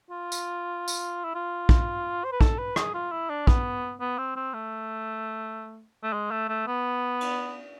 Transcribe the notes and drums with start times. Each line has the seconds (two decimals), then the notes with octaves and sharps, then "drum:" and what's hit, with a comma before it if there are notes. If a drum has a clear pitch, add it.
0.10 F4
0.32 drum: tambourine
0.88 drum: tambourine
1.24 E4
1.35 F4
1.69 drum: kick
2.24 C5
2.32 B4
2.41 A4, drum: kick
2.58 B4
2.76 G#4, drum: rim click
2.94 F4
3.12 E4
3.30 D4
3.47 B3, drum: kick
4.00 B3
4.18 C4
4.36 C4
4.54 A3
6.03 A3
6.13 G#3
6.31 A3
6.49 A3
6.67 B3
7.21 drum: cymbal